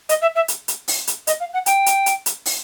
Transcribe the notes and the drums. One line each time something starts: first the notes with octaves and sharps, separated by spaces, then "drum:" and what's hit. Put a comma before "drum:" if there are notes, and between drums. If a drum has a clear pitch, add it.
D#5, drum: hi-hat
E5
E5
drum: hi-hat
drum: hi-hat
drum: open hi-hat
drum: hi-hat
D#5, drum: hi-hat
F5
F#5
G5, drum: hi-hat
drum: hi-hat
drum: hi-hat
drum: hi-hat
drum: open hi-hat